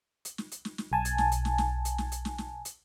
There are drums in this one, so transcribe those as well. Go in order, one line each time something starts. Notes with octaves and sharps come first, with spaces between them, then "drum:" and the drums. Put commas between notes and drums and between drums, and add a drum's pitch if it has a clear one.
drum: hi-hat
drum: snare
drum: hi-hat
drum: snare
drum: snare
B1 G#5 A5
drum: hi-hat
drum: snare
drum: hi-hat
drum: snare
drum: snare
drum: hi-hat
drum: snare
drum: hi-hat
drum: snare
drum: snare
drum: hi-hat